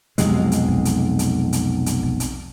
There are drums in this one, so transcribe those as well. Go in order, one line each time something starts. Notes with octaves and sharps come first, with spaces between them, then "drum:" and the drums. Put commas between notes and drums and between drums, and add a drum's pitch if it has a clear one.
B1 F2 C3 G#3, drum: hi-hat
drum: hi-hat
drum: kick
drum: hi-hat
drum: hi-hat
drum: hi-hat
drum: hi-hat
drum: kick
drum: hi-hat